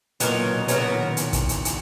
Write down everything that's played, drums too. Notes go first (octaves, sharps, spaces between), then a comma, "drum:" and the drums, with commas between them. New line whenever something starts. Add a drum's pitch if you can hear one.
A#2 F#3 B3 D#4 A#4, drum: hi-hat
B2
B2
C#3 F#3 B3 D#4 A#4, drum: hi-hat
D#3
drum: hi-hat
drum: kick, hi-hat
drum: hi-hat
drum: hi-hat